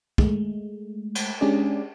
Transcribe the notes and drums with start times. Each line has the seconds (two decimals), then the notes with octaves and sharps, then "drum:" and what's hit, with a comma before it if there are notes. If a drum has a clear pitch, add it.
0.18 G#3 A3, drum: kick
1.15 drum: cymbal
1.41 G#3 C#4 D4 G4 G#4 D5